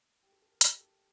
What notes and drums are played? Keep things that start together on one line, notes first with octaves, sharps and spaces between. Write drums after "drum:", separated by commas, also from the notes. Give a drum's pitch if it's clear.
G4
A4
A4
A#4
G4, drum: hi-hat
A4